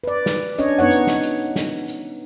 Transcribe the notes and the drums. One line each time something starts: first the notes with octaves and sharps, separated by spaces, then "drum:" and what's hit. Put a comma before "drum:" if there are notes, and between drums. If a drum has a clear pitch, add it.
B4 D5
drum: snare
C#4 D4 C#5 D#5, drum: hi-hat
B3 D#4 C#5 F#5
drum: hi-hat
drum: snare
drum: hi-hat
drum: snare
drum: hi-hat